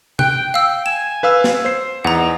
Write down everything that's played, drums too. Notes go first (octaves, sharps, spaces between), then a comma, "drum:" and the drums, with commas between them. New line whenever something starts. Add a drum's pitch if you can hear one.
G5 F#6, drum: tom
F5 G5 E6
G#5 E7
B4 F5 E6
drum: snare
C5 C7
E2 D#4 F#5 A#5